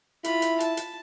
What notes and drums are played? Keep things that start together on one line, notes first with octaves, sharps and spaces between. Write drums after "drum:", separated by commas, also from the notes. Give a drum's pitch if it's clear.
E4 F4 B5, drum: hi-hat
drum: hi-hat
A5, drum: hi-hat
drum: hi-hat